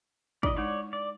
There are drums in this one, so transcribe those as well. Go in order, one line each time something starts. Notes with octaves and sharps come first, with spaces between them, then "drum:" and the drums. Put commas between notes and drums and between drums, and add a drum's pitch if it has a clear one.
D4 E4 D5 D#5, drum: kick
G#3 D#4 C#5 D5
D5